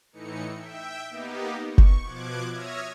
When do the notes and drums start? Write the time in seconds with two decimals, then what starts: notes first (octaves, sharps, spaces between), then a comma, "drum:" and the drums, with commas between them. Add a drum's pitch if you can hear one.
0.12 A2 E3 D#4 C#7
0.55 E5 G5
1.09 A#3 B3 D#4 G4
1.67 C#6
1.78 drum: kick F#1
2.04 B2 F3 D6 F#6 G#6
2.51 C#5 E5 D#6 F6 G#6 A#6